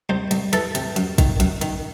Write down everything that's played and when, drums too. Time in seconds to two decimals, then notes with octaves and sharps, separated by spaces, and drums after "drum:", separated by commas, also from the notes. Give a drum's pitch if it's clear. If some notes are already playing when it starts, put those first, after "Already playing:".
0.09 C2 C5
0.31 C2, drum: hi-hat
0.53 E3 A4, drum: hi-hat
0.75 C3, drum: hi-hat
0.96 F#2, drum: hi-hat
1.18 D#3, drum: kick, hi-hat
1.40 F#2, drum: hi-hat
1.61 D#3, drum: hi-hat